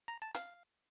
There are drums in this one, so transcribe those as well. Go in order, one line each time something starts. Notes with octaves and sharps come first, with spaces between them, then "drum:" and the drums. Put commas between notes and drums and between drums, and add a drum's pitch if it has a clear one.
A#5
A5
F5, drum: hi-hat